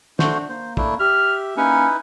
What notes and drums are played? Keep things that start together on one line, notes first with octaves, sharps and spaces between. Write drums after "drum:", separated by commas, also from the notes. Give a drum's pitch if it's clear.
A3 D4 F#4 C5, drum: snare
A#3 C5
A3 D4 E4, drum: kick
G4 E5 F6
A#3 C#4 D#4 E4 B4